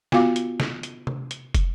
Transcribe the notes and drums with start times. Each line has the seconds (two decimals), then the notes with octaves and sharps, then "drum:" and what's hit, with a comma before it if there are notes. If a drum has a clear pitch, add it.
0.12 B3 F4 F#4 F5 D6, drum: snare
0.36 drum: hi-hat
0.60 drum: snare
0.83 drum: hi-hat
1.07 drum: tom C3
1.31 drum: hi-hat
1.55 drum: kick, hi-hat